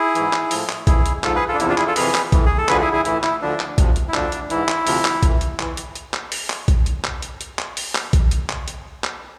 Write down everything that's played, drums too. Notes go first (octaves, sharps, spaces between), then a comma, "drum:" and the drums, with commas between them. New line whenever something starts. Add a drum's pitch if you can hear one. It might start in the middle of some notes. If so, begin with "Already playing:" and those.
Already playing: E4 G#4
G#2 E3, drum: hi-hat
drum: clap
A2 F3, drum: open hi-hat
drum: clap
F2 E3 E4 G#4, drum: kick A#1, hi-hat
drum: hi-hat
G#2 F3 F4 A4, drum: clap
G#4 B4
F4 A4
D4
E2 C3 F3 E4, drum: hi-hat
D4 F4
E4 G#4, drum: clap
F4 A4
F2 C3 E3 G#4 B4, drum: open hi-hat
drum: clap
A2 E3, drum: kick A#1, hi-hat
G#4
A4
D2 D3 F3 G#4 B4, drum: clap
E4 G#4
E4 G#4
A2 E3 E4, drum: hi-hat
E4, drum: clap
D2 D3 F3 D4
drum: clap
D2 C3 F3, drum: kick A#1, hi-hat
drum: hi-hat
E4
D2 D3 F3 D4, drum: clap
drum: hi-hat
G#2 E3 E4, drum: hi-hat
drum: clap
D2 C3 F3, drum: open hi-hat
drum: clap
A2 E3, drum: kick A#1, hi-hat
drum: hi-hat
E3, drum: clap
drum: hi-hat
drum: hi-hat
drum: clap
drum: open hi-hat
drum: clap
drum: kick A#1, hi-hat
drum: hi-hat
drum: clap
drum: hi-hat
drum: hi-hat
drum: clap
drum: open hi-hat
drum: clap
drum: kick A#1, hi-hat
drum: hi-hat
drum: clap
drum: hi-hat
drum: clap